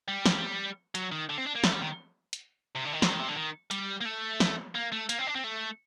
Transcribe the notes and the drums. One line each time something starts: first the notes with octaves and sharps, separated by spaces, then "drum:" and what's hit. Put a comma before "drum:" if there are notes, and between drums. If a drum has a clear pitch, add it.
G3
drum: snare
F#3, drum: hi-hat
D#3
D3
C4
D4
A#3
A3, drum: snare
G3
D#3
drum: hi-hat
C3
D3
D#3
F#3, drum: snare
D#3
C3
D3
D#3
G3, drum: hi-hat
A#3
A3
drum: snare
A#3
A3
A#3, drum: hi-hat
C4
D4
C4
A3